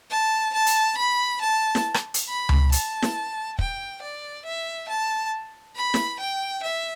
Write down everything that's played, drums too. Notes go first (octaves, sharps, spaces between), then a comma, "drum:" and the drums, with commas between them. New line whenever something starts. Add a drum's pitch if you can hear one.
A5
A5
drum: hi-hat
B5
A5
drum: snare
drum: rim click
drum: hi-hat
B5
drum: tom C#2
A5, drum: hi-hat
drum: snare
G5, drum: kick
D5
E5
A5
B5
drum: snare
G5
E5